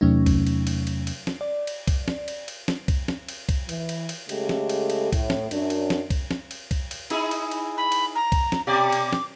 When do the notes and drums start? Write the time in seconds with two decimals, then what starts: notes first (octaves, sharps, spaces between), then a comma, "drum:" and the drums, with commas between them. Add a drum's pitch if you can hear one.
0.01 E2 C3 F#3 A3 C#4 D#4
0.26 drum: kick C2, cymbal
0.47 drum: cymbal
0.67 drum: cymbal
0.87 drum: cymbal
1.07 drum: cymbal
1.27 drum: snare
1.41 D5
1.67 drum: cymbal
1.87 drum: kick C2, cymbal
2.08 drum: snare
2.28 drum: cymbal
2.48 drum: cymbal
2.68 drum: snare
2.88 drum: kick C2, cymbal
3.08 drum: snare
3.28 drum: cymbal
3.49 drum: kick C2, cymbal
3.69 E3, drum: cymbal
3.89 drum: cymbal
4.09 drum: cymbal
4.29 C#3 G#3 A3 G4 A4, drum: cymbal
4.49 drum: snare
4.69 drum: cymbal
4.90 drum: cymbal
5.13 A2, drum: kick C2, cymbal
5.30 drum: snare
5.51 F#2 D4, drum: cymbal
5.70 drum: cymbal
5.90 drum: snare
6.10 drum: kick C2, cymbal
6.31 drum: snare
6.51 drum: cymbal
6.71 drum: kick C2, cymbal
6.91 drum: cymbal
7.10 D#4 E4 G#4, drum: cymbal
7.31 drum: cymbal
7.51 drum: cymbal
7.77 B5
7.92 drum: cymbal
8.15 A#5
8.32 drum: kick C2, cymbal
8.52 drum: snare
8.67 B2 G4 D5 D6
8.92 drum: cymbal
9.13 drum: snare